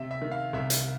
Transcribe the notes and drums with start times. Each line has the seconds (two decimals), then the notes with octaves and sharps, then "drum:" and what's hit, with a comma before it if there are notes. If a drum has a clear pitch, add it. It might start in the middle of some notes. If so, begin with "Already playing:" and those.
Already playing: C3 E5
0.11 E5
0.22 D#3
0.32 F5
0.53 C2 E5
0.70 drum: hi-hat